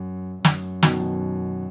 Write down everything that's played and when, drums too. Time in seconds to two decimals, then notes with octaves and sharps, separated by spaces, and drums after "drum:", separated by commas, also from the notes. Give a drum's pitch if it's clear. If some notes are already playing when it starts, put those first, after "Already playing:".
Already playing: F#2
0.45 F#2, drum: snare
0.83 B2 D#3, drum: snare
1.01 B2 D#3